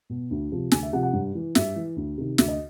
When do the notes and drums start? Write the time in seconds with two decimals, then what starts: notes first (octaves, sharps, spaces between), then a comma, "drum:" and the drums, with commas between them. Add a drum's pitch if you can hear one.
0.10 B2
0.30 D2
0.52 C3 F3
0.72 D2 G#5, drum: snare
0.83 E5
0.93 C3 F3 F#5
1.03 F#5
1.13 G2
1.35 E3
1.55 G2 E5, drum: snare
1.76 E3
1.96 D2
2.18 C3 D#3
2.38 D2 E5, drum: snare
2.48 D#5